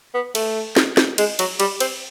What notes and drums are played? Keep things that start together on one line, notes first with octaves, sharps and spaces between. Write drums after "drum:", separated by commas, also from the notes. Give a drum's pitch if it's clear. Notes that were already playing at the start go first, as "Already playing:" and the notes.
B3
A3, drum: cymbal
drum: snare
drum: snare
G#3, drum: cymbal
F#3, drum: cymbal
G3, drum: cymbal
C4, drum: cymbal